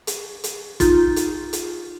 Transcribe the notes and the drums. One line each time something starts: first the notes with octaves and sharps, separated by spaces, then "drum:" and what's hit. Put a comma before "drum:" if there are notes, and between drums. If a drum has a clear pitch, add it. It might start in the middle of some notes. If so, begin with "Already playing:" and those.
drum: hi-hat
drum: hi-hat
D#4 F4, drum: kick, hi-hat
drum: hi-hat
drum: hi-hat